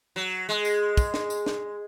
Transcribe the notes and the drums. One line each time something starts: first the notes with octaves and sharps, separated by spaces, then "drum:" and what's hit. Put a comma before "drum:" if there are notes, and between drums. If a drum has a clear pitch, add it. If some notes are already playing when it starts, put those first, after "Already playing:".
F#3
G#3
drum: tambourine
drum: kick, tambourine
drum: snare
drum: tambourine
drum: snare